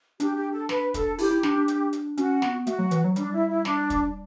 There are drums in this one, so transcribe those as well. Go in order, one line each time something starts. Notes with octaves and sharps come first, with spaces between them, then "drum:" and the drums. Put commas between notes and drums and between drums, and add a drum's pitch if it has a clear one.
D4 G4, drum: hi-hat
G4
A4
B4, drum: snare
A4, drum: kick, hi-hat
E4 G4, drum: open hi-hat
E4
D4, drum: snare
D4
drum: hi-hat
drum: hi-hat
C#4 F#4, drum: hi-hat
B3, drum: snare
A3 F#4, drum: hi-hat
F#3
E3, drum: hi-hat
F#3
G3 D4, drum: hi-hat
E4
E4
D4, drum: snare
drum: kick, hi-hat